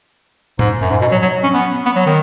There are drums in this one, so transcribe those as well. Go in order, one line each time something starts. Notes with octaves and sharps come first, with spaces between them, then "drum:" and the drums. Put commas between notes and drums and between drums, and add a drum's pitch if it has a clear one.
G#2, drum: tom A2
F#2
G#2
B2
F#3
F#3
C#4
B3
B3
F#3
D#3